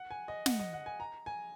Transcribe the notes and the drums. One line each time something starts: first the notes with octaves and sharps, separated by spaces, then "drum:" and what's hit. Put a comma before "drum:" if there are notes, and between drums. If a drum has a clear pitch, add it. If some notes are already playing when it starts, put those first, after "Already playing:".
Already playing: F#5
G#5
D#5
F#5, drum: snare
D#5
F#5
G#5
A#5
G#5